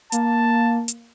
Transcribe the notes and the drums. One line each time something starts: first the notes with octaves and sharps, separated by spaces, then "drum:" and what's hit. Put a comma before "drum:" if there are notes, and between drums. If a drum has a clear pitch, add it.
A#3 A5, drum: hi-hat
drum: hi-hat